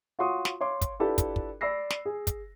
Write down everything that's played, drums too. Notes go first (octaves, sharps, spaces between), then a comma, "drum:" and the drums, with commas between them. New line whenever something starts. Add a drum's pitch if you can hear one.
F4 F#4 C#5 C6 C#6 D#6
drum: snare
C#5 F5 C6 D6
drum: kick, hi-hat
D4 E4 F4 G4 A4 B4
drum: kick, hi-hat
drum: kick
D5 B5 E6 A#6 C7
drum: snare
G#4
drum: kick, hi-hat